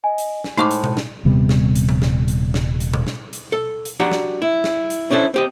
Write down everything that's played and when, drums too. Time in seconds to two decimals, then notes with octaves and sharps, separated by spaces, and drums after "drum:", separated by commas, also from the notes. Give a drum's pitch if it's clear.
0.04 D#5 G#5
0.18 drum: hi-hat
0.44 drum: snare
0.57 A2 G#3 D#4 C5 F5 C#6 D6
0.71 drum: hi-hat
0.84 drum: tom B2
0.97 drum: snare
1.25 D#1 C3 G3 B3
1.49 drum: snare
1.76 drum: hi-hat
1.89 drum: tom F3
2.02 drum: snare
2.28 drum: hi-hat
2.54 drum: snare
2.80 drum: hi-hat
2.94 drum: tom B2
3.07 drum: snare
3.33 drum: hi-hat
3.52 A4
3.85 drum: hi-hat
4.00 D4 F#4 G4 A#5 B5, drum: tom F3
4.12 drum: snare
4.42 E4
4.64 drum: snare
4.90 drum: hi-hat
5.10 C#4 D4 E4 A4 C5
5.34 C4 G4 D#5